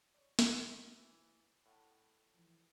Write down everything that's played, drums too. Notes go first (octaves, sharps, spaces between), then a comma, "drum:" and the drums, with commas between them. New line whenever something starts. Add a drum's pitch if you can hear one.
C#5 D5
D#3 A#3 F#4, drum: snare
E3
A2 F#5 A5
E3 F3